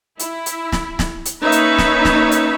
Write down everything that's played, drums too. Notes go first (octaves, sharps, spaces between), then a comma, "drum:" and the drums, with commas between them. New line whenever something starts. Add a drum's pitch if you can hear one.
E4, drum: hi-hat
drum: hi-hat
drum: snare
drum: snare
drum: hi-hat
A#3 C#4 D#4 B4 C#5 E5
drum: hi-hat
drum: snare
drum: snare
drum: hi-hat